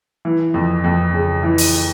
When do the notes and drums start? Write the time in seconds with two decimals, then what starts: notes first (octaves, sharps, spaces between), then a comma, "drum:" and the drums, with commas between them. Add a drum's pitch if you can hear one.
0.25 E3
0.54 F2
0.84 F2
1.14 C#3
1.43 E3
1.58 drum: open hi-hat